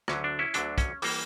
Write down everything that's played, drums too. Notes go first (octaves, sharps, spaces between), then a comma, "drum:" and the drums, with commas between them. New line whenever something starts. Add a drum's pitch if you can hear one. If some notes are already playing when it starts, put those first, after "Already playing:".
D2 D3 F#3 C#4, drum: rim click
D4
C#4 E4
D2 D3 F#3 D4, drum: hi-hat
C#4, drum: kick, hi-hat
E3 G3 A#3, drum: open hi-hat